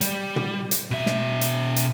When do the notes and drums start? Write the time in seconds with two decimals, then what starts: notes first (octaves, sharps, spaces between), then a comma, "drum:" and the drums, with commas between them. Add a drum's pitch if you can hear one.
0.01 G3, drum: hi-hat
0.36 drum: tom
0.71 drum: hi-hat
0.91 B2 E5
1.06 drum: snare
1.41 drum: hi-hat
1.76 drum: hi-hat